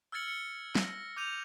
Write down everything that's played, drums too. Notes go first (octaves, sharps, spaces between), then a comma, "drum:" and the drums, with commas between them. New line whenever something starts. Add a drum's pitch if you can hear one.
E6 F6 G#6 A6 C#7 F#7
C#7
A#6, drum: snare
D6 G6 D#7 F7